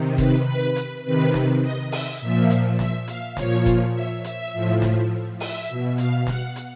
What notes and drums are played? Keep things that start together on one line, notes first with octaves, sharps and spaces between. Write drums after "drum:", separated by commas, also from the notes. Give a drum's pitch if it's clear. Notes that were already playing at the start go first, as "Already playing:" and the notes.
Already playing: C3 D#3
B4, drum: kick F1, hi-hat
B4
drum: hi-hat
C3 D#3 B4
drum: snare
D#5
E5, drum: open hi-hat
A#2 F3 E5
drum: hi-hat
E5, drum: snare
F5, drum: hi-hat
A#2 F3 C#5, drum: snare
drum: kick F1, hi-hat
E5
E5, drum: hi-hat
A2 F3
drum: snare
E5, drum: open hi-hat
B2
F5, drum: hi-hat
F#5, drum: snare
drum: hi-hat